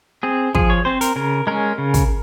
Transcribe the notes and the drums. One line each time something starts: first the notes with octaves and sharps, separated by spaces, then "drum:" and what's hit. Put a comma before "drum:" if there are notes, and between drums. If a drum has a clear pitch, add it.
C4 G#4
F3 G#4, drum: kick
C#5
C4 C5
A#4, drum: hi-hat
C#3 A#4
G#3 C#4 A#4
C#3
drum: kick, hi-hat